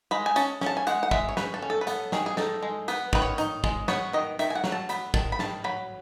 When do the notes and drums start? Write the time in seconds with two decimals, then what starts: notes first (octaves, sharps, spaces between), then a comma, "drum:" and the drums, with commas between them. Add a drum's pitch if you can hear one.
0.11 G#3 B5
0.26 G#5
0.36 C#4 A5, drum: hi-hat
0.61 C#4 A5, drum: snare
0.77 G#5
0.87 G#3 F#5, drum: hi-hat
1.03 F#5
1.11 G#3 E5, drum: kick
1.29 C#5
1.37 C#4 B4, drum: snare
1.54 A4
1.62 C#4
1.70 A4
1.81 B4
1.87 B3 A4, drum: hi-hat
2.12 D#3 G#4, drum: snare
2.26 G#4
2.37 D#4 A4, drum: snare
2.62 G#3
2.88 B3 B4, drum: hi-hat
3.13 D#3 B4, drum: kick
3.22 C#5
3.38 D#4, drum: hi-hat
3.64 G#3, drum: kick
3.88 B3 C#5, drum: snare
4.13 D#3 D#5
4.39 D#3 E5, drum: hi-hat
4.50 G#5
4.55 F#5
4.64 F#3, drum: snare
4.72 A5
4.89 B3 B5, drum: hi-hat
5.14 D#3 A5, drum: kick
5.32 B5
5.39 D#3 A5, drum: snare
5.64 F#3 B5